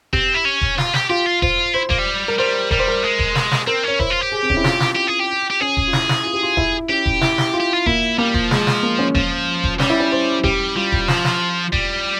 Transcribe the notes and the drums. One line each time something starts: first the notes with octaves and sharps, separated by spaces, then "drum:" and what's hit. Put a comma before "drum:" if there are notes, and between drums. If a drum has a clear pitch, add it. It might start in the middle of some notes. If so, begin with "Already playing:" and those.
C4 G4, drum: kick E1
E4
C#4
drum: kick E1
F4, drum: snare
G4, drum: snare
F4 G4
F4
F4 C5, drum: kick E1
E4 C5
A#3, drum: kick E1
G3
A#4
G3 C5
G3 A#4, drum: kick E1
C5
A#4
G#3
drum: kick E1
drum: snare
drum: snare
C4 A#4
C#4 C#5
E4 C5, drum: kick E1
F4
G4
G#4
C4
C#4, drum: kick E1
E4
F4, drum: snare
drum: snare
G4
G#4
G4
G4
C#4 G#4
drum: kick E1
F4
E4, drum: snare
drum: snare
F4
G4
F4
E4, drum: kick E1
C#4 G4
drum: kick E1
E4, drum: snare
drum: snare
F4
G4
F4
A#3 E4, drum: kick E1
G3 A#3
F3, drum: kick E1
G#3, drum: snare
drum: snare
A#3
C#4
F3, drum: kick E1
drum: kick E1
G3 C#4, drum: snare
E4
C#4
C5
G3 G4, drum: kick E1
G3 F4
drum: kick E1
F3 F4, drum: snare
drum: snare
G3, drum: kick E1